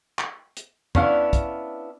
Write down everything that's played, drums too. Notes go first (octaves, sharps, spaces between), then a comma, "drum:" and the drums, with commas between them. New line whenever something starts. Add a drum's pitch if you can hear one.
drum: clap
drum: hi-hat
B3 C#4 D4 E4 F5, drum: tom E2
drum: kick, hi-hat